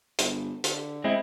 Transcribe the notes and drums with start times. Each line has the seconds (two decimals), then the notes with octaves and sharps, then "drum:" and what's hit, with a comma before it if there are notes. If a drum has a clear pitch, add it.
0.19 G1, drum: hi-hat
0.64 D3, drum: hi-hat
1.04 G#3 C4 E4